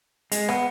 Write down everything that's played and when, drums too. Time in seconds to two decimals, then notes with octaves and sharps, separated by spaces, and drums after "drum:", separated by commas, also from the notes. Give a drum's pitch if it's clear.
0.32 G#3, drum: hi-hat
0.49 B3, drum: rim click